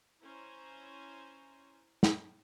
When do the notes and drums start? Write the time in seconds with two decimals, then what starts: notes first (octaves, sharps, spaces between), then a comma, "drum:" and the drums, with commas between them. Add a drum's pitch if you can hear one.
0.22 C#4 E4 C5 G#5 A#5
2.03 drum: snare